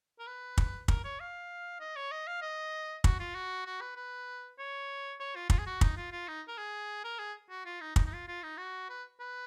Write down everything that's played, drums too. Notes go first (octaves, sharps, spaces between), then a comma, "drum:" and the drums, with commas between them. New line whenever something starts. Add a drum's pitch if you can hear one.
A#4
B4
drum: kick
A#4, drum: kick
C#5
F5
D#5
C#5
D#5
F5
D#5
F#4, drum: kick
F4
F#4
F#4
B4
B4
C#5
C#5
F4
F4, drum: kick
G#4
F#4
D#4, drum: kick
F4
F4
D#4
A#4
G#4
A#4
G#4
F#4
F4
D#4
D#4, drum: kick
D#4
F4
F4
D#4
F#4
B4
B4